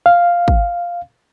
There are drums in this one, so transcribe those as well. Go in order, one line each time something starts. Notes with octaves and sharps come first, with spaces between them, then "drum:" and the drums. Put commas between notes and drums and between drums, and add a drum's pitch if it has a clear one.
F5
drum: kick